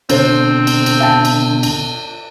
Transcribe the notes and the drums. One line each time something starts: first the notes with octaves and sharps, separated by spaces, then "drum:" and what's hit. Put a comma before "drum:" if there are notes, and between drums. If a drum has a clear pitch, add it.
B2 D3 C4 D4 A4 C5, drum: cymbal
drum: cymbal
drum: cymbal
E5 G5 A5
drum: cymbal
drum: cymbal